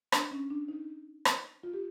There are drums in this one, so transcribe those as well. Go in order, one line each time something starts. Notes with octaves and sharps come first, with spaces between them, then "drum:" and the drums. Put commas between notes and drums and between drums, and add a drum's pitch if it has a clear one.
D4, drum: rim click
C#4
D4
D#4
drum: rim click
F4
G4